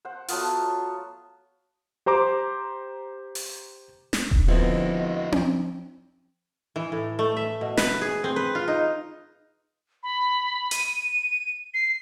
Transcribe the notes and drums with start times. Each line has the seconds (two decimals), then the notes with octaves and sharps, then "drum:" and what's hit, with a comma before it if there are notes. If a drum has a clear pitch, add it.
0.05 C5 F#5
0.28 F#3 A3 B3 F4, drum: open hi-hat
2.06 G4 C5 A#5 D6
3.35 drum: open hi-hat
4.13 drum: snare
4.31 drum: kick D#1
4.48 D3 F3 B3 C4 E4 F#4 D#5
5.32 drum: tom C4
6.76 E3
6.92 A2
7.19 A3
7.37 E5
7.61 B2
7.77 B4, drum: snare
8.01 G#4
8.24 C4
8.36 B4
8.55 F4
8.68 D#4
10.03 B5
10.71 D#7, drum: hi-hat
11.74 C7